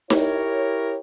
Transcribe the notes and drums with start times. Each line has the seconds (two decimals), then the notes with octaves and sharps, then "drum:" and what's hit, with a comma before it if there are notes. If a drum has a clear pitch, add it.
0.10 E4 G4 A#4 C#5, drum: snare D#4